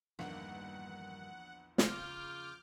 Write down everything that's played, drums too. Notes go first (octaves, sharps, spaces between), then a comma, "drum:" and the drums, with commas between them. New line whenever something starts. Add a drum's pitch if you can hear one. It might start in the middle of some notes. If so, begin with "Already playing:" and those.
A#1 E2 G2 D3 D#3 A#3 F#5
C#3 F4 D6 F6 G6, drum: snare